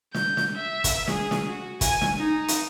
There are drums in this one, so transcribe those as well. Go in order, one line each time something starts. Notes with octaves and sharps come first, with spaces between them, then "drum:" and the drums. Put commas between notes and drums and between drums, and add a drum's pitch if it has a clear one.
G6, drum: snare
drum: snare
E5
drum: kick, hi-hat
G#4, drum: snare
drum: snare
F#4
G#5, drum: kick, hi-hat
drum: snare
D#4
drum: hi-hat